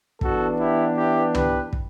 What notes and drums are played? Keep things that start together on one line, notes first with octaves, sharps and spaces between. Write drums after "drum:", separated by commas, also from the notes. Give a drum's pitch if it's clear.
E3 B3 D4 F#4 A4, drum: kick
E4 G4
E4 G4
G4 B4, drum: tom
drum: kick